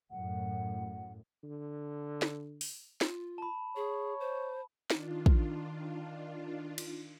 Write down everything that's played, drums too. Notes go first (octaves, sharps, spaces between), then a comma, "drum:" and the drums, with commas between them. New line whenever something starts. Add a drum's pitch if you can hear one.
F#2 A2 F#5
D3
drum: snare
drum: open hi-hat
F4, drum: snare
A5 B5
G#4 C#5
C5
D#3 D4 F4, drum: snare
drum: kick
drum: cymbal